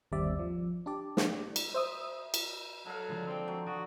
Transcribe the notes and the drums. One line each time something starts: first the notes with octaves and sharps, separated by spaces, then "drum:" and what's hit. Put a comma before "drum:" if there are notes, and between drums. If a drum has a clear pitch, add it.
G1 D#2 G3 C4 D5 E5
F3
D4 G4 D5
drum: snare
drum: cymbal
C5 E5 D#6
drum: cymbal
F#3 A4 F5
D3 F3 G#3
C4 D5 G5
F#3
F3 F#4 D#6 D7